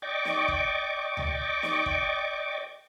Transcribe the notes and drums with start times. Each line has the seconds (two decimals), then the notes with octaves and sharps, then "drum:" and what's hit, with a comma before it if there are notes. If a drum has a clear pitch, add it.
0.02 D5 D#5 G5 C#6 D6
0.25 drum: snare
0.48 drum: kick
1.17 drum: tom C#2
1.63 drum: snare
1.86 drum: kick